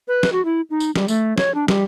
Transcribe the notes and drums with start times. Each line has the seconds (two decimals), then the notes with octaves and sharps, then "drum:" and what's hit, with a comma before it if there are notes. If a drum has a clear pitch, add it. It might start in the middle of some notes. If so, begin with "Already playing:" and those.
0.08 B4
0.23 drum: snare
0.32 F#4
0.45 E4
0.70 D#4
0.80 drum: tambourine
0.96 G3, drum: snare
1.08 A3, drum: tambourine
1.38 C#5, drum: snare
1.55 D4
1.68 G3, drum: snare